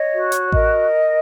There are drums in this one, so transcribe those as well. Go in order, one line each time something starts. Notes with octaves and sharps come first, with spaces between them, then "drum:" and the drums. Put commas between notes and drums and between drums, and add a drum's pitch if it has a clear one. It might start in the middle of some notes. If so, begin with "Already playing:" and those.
Already playing: C#5 D#5
F#4
drum: hi-hat
A#4 D#5, drum: kick A1